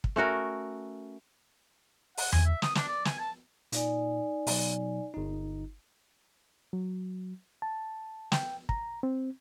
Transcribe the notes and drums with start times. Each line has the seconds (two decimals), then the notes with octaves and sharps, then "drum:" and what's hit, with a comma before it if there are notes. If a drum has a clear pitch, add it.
0.04 drum: kick
0.16 A3 C#4 F#4 A#4
2.17 F#5, drum: open hi-hat
2.32 G#5, drum: tom E2
2.45 E5
2.62 D#6, drum: snare
2.75 D4, drum: snare
2.88 D5
3.05 G#5, drum: snare
3.19 A5
3.72 A#2 D#4 D5 G#5, drum: hi-hat
4.47 B2 F#3, drum: open hi-hat
5.14 G1 D#4
6.73 F#3
7.62 A5
8.32 G5, drum: snare
8.69 A#5, drum: kick
9.03 C4